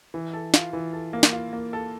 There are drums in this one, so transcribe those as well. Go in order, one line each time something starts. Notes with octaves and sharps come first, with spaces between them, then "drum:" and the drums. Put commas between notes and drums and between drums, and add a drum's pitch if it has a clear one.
E3
A4
F4, drum: snare
E3
A4
A#3
drum: snare
F4
A#3
A4